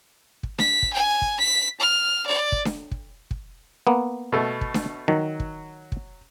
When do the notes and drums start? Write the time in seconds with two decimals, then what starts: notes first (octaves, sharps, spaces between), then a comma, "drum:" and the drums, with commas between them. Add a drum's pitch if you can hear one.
0.43 drum: kick
0.59 B6, drum: snare D4
0.82 drum: kick
0.93 G#5
1.22 drum: kick
1.40 B6
1.80 F6
2.26 D5
2.52 drum: kick
2.65 drum: snare D4
2.91 drum: kick
3.31 drum: kick
3.87 A#3 B3
4.32 B2 A3
4.61 drum: kick
4.74 drum: snare D4
5.08 D#3 F#3
5.40 drum: kick
5.92 drum: kick